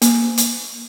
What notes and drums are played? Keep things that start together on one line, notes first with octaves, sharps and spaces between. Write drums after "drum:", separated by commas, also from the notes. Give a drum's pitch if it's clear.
A#3, drum: hi-hat
drum: hi-hat